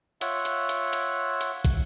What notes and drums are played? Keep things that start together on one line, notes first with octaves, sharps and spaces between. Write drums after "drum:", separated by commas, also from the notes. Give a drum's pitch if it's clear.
F4 C#5 E5 F#5, drum: hi-hat
drum: hi-hat
drum: hi-hat
drum: hi-hat
drum: hi-hat
drum: kick, hi-hat